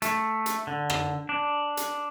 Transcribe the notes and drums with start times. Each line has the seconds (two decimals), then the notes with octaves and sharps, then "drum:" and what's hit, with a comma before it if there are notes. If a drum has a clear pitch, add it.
0.02 A3, drum: hi-hat
0.46 drum: hi-hat
0.67 D3
0.90 drum: rim click
1.29 D4
1.77 drum: hi-hat